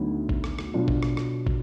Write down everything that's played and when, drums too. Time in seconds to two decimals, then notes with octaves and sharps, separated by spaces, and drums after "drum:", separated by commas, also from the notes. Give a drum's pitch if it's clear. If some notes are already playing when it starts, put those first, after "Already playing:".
Already playing: D2 D3 F#3 B3 D#4
0.29 drum: kick
0.44 drum: rim click
0.59 drum: rim click
0.74 B2 F#3 B3 D4 F4
0.88 drum: kick
1.03 drum: rim click
1.17 drum: rim click
1.47 drum: kick